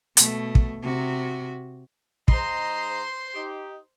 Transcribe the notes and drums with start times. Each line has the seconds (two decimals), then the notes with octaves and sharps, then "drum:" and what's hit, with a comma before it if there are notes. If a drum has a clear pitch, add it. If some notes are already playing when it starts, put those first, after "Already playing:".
0.17 B2 A3, drum: hi-hat
0.55 drum: kick
0.83 C3 F#4
2.28 G#2 C5 D#5 A#5 C6, drum: kick
3.34 D#4 G4